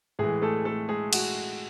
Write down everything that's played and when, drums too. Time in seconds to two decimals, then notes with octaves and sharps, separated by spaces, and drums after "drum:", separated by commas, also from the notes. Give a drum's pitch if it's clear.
0.19 A2 E3 G#3 G#4
0.42 A3 A4
0.65 A3 A4
0.89 G#3 G#4
1.13 F#4, drum: cymbal